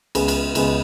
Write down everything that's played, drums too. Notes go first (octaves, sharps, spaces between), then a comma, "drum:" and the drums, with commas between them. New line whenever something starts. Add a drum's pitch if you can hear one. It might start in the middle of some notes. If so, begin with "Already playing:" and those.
C#2 C#3 G#3 B3, drum: cymbal
drum: cymbal
C#2 C#3 G#3 B3, drum: cymbal